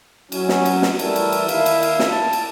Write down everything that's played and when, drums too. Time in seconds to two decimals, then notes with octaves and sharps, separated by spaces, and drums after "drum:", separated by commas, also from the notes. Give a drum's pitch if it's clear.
0.32 F#3 C#4, drum: cymbal
0.49 drum: snare
0.65 drum: cymbal
0.82 drum: snare
0.99 E3 G3 A3 E4 A4 A#4, drum: cymbal
1.16 drum: cymbal
1.32 drum: cymbal
1.48 A#2 D#3 E4 E5 F5, drum: cymbal
1.66 drum: cymbal
1.83 drum: cymbal
1.99 drum: snare
2.10 A5
2.33 drum: cymbal